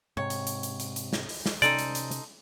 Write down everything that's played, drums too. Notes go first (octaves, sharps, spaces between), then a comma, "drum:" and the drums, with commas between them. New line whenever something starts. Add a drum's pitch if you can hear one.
G#2 C3 C#5
drum: hi-hat
drum: hi-hat
drum: hi-hat
drum: hi-hat
drum: hi-hat
drum: snare
drum: open hi-hat
drum: snare
C3 C#4 D#4 A4 C5 D5, drum: hi-hat
drum: hi-hat
drum: hi-hat
drum: hi-hat